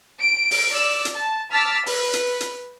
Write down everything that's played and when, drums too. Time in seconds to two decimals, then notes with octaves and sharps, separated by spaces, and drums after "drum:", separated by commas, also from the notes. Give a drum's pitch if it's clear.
0.20 D7
0.51 drum: open hi-hat
0.72 D5 E6
1.05 drum: hi-hat
1.15 A5
1.51 A5 D6 E6 F6 A6 B6
1.86 B4, drum: open hi-hat
2.13 drum: hi-hat
2.40 drum: hi-hat